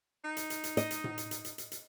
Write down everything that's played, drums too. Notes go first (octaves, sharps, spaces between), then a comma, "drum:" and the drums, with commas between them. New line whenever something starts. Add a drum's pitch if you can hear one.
D#4
drum: hi-hat
drum: hi-hat
drum: hi-hat
D#5, drum: hi-hat
drum: hi-hat
drum: tom A2
drum: hi-hat
drum: hi-hat
drum: hi-hat
drum: hi-hat
drum: hi-hat